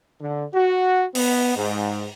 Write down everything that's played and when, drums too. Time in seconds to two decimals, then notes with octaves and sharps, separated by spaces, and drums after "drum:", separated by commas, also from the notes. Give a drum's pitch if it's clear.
0.21 D3
0.53 F#4
1.15 B3, drum: open hi-hat
1.56 G#2